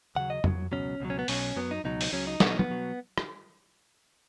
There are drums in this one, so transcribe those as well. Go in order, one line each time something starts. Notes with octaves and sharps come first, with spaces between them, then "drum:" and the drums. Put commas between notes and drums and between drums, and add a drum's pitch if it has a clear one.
D#2 C#3 F#3 F#5
D#5
F#2 F#3, drum: tom F2
C#2 B2 F#3 C#4
C#2 B2 F#3
C#4
B3
B1 B2 F#3 C#4, drum: open hi-hat
F#2 F#3 B3
D#4
C#2 B2 F#3 D#4
drum: open hi-hat
C#2 C#3 F#3 C#4
D#4
B1 B2 F#3 F#4, drum: snare
D#4
B3, drum: tom F#3
B2 F#3
drum: rim click